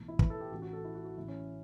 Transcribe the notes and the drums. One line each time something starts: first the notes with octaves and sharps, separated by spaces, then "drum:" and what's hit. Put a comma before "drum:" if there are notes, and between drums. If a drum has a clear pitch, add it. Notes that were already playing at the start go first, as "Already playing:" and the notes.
Already playing: B1 A2 E3
E4
B4, drum: kick
A4
G4
A1 A2 E3 F#4
F#4
A4
E4
F#4
F#4
A1 A2 E3 E4
C#4